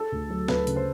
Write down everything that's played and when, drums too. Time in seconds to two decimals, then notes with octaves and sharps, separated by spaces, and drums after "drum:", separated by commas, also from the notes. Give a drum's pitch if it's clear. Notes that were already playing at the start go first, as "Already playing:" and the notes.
Already playing: A4
0.12 D2
0.30 F#3
0.48 D2 B4, drum: snare
0.67 C#3, drum: hi-hat
0.76 C5